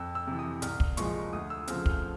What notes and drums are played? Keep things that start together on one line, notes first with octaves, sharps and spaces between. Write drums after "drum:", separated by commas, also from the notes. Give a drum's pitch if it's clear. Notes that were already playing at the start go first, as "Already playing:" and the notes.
Already playing: F2 E6
E6
C3 E3
D#6
C2 F6, drum: hi-hat
drum: kick
A#2 F3 G#3 C#6, drum: hi-hat
D2 D#6
E6
C#3 F3 A3 C4 F6, drum: hi-hat
F6, drum: kick